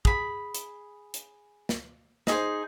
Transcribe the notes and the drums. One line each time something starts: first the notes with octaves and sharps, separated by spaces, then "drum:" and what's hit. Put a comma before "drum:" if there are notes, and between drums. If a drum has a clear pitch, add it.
G#4 B5, drum: kick
drum: hi-hat
drum: hi-hat
drum: snare
D#4 G#4 C5, drum: snare